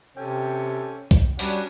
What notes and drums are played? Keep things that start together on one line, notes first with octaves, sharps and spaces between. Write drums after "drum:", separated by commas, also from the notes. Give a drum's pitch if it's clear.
C3 C#4 A4 G5
drum: kick
G3 C#4 D4 F#4 F#5, drum: open hi-hat